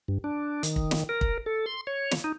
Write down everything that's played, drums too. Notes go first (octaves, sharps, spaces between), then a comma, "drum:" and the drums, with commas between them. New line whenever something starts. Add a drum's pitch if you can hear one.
G2
D4
D#3, drum: hi-hat
drum: kick
drum: snare
A#4
drum: kick
A4
C6
C#5
drum: snare
D#4